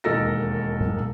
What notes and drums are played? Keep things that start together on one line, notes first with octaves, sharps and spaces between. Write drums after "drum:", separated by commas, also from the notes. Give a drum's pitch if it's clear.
E1 D#2 D#4 A4 A#4 A#6
drum: tom A2